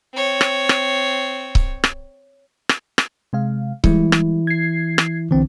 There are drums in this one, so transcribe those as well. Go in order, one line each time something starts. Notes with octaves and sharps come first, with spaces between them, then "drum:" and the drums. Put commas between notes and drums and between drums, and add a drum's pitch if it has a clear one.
C4 C#5
drum: rim click
drum: rim click
drum: kick C#1
drum: rim click
drum: rim click
drum: rim click
C3 G#3 F5
E3 G3 G#3 E4, drum: kick C#1
drum: rim click
G#6 C7
drum: rim click
B1 D3 E3 C4